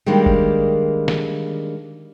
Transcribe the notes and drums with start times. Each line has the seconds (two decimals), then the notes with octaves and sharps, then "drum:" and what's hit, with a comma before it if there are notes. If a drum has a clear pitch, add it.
0.06 D#3 G3 G#3 A#3 D4
0.26 drum: kick
1.08 drum: snare